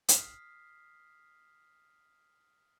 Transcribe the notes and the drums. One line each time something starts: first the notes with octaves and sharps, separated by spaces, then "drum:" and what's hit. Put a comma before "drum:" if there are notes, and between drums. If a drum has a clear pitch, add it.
D#6 F6 B6 C7, drum: hi-hat